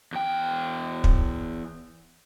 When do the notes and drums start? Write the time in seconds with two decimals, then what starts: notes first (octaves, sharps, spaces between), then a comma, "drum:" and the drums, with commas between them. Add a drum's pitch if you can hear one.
0.12 E2 G5
1.04 drum: kick